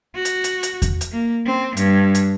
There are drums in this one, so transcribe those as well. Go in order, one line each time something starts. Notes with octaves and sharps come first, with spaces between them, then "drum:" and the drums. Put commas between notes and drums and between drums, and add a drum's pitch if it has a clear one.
F#4
drum: hi-hat
drum: hi-hat
drum: hi-hat
drum: kick E2, hi-hat
drum: hi-hat
A#3
C4
G2, drum: hi-hat
drum: hi-hat